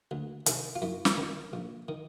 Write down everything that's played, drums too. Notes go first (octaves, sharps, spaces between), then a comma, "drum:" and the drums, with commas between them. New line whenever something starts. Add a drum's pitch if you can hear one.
D2
C3 D#3, drum: hi-hat
F4
F#2 E4
drum: snare
D#3
A#1
D#3